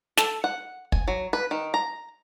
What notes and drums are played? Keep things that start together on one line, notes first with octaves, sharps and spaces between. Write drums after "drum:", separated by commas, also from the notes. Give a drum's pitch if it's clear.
A4, drum: snare
F#5
G#5, drum: kick
F#3
B4
D#3
A#5